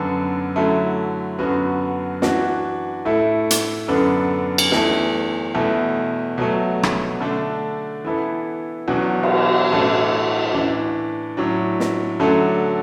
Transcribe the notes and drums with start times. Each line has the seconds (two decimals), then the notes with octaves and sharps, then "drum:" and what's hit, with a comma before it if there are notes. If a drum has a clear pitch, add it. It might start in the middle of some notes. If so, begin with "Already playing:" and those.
Already playing: F#2 D3 B3 D4 A4
0.56 D3 F#3 A3 E4
1.39 F#2 D3 B3 F#4
2.22 E3 D4 F#4, drum: snare
3.05 A2 A3 E4 A4
3.50 drum: hi-hat
3.88 F#2 D3 B3 D4 A4
4.58 drum: cymbal
4.72 E2 E3 A3, drum: snare
5.54 E2 B2 A3 E4
6.38 B2 F#3 A3
6.83 drum: rim click
7.21 D3 A3 D4
8.05 E3 B3 E4 A4
8.88 E2 B2 F#3 D4 F#4
9.23 drum: cymbal
9.71 A2 E3 A3 D4 A4
10.53 A2 E3 D4
11.37 A2 F#3 D4
11.80 drum: snare
12.20 D3 F#3 A3 D4 A4